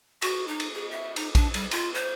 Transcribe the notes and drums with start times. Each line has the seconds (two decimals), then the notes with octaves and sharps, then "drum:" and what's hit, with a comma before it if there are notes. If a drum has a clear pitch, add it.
0.22 F#4, drum: cymbal
0.48 D#4
0.60 drum: cymbal
0.74 G#4
0.91 E5
1.16 D#4, drum: cymbal
1.35 D4, drum: kick A#1, cymbal
1.54 G3, drum: cymbal
1.71 F4, drum: cymbal
1.94 C5